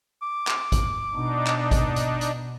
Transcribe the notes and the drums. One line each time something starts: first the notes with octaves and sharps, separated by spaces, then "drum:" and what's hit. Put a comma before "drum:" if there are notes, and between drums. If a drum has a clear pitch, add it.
D6
drum: clap
drum: kick G#1, hi-hat
B2 D4 D#4
drum: clap
drum: kick G#1, hi-hat
drum: hi-hat
drum: hi-hat